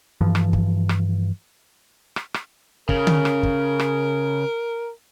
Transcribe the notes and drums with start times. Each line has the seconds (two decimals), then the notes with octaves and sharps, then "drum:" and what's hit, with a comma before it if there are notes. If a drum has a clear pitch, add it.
0.21 G2 E3 F3
0.35 drum: rim click
0.53 drum: kick
0.89 drum: rim click
2.16 drum: rim click
2.34 drum: rim click
2.89 C#3 A#4, drum: kick
3.07 drum: tom D3
3.25 drum: rim click
3.43 drum: kick
3.79 drum: rim click